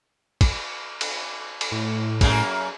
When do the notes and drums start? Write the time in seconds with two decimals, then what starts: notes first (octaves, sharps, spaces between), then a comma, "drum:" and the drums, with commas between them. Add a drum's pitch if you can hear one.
0.41 drum: kick, cymbal
1.01 drum: cymbal
1.61 drum: cymbal
1.71 A2
2.21 F#2 A#3 G#4, drum: kick, cymbal